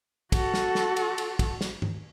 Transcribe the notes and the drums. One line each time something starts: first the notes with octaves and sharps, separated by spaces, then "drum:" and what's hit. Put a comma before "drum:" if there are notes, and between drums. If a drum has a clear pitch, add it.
F#4 A4, drum: kick, cymbal
drum: snare
drum: snare
drum: cymbal
drum: cymbal
drum: kick, cymbal
drum: snare
drum: tom G2